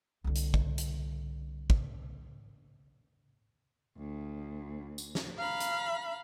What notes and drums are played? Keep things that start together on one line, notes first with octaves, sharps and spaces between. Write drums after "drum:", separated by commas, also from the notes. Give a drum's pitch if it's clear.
C2 D3
drum: hi-hat
drum: kick
drum: hi-hat
drum: kick
D2
drum: tambourine
drum: snare
F5 A#5 B5
drum: hi-hat